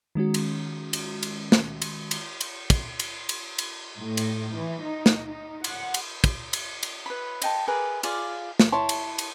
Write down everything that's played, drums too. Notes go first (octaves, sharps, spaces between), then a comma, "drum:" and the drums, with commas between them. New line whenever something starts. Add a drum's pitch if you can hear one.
D#3 G#3 C#4 F#4
drum: cymbal
drum: cymbal
drum: cymbal
drum: snare
drum: cymbal
drum: cymbal
drum: cymbal
drum: kick, cymbal
drum: cymbal
drum: cymbal
drum: cymbal
A2
drum: cymbal
E3
D#4
drum: snare
D#4
F#5, drum: cymbal
drum: cymbal
drum: kick, cymbal
drum: cymbal
drum: cymbal
B4 B5
D#5 G5 A5, drum: cymbal
G#4 A#4 B4 D5
F4 G#4 D5 F5, drum: cymbal
drum: snare
E4 C#5 A5 C6
drum: cymbal
drum: cymbal